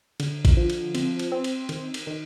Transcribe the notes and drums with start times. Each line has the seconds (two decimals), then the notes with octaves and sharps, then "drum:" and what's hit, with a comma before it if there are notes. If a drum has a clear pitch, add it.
0.20 D3, drum: cymbal
0.45 drum: kick A1, cymbal
0.57 F3
0.70 drum: cymbal
0.95 C4, drum: cymbal
1.19 drum: cymbal
1.32 C4
1.44 drum: cymbal
1.69 D#3, drum: cymbal
1.94 drum: cymbal
2.07 D#3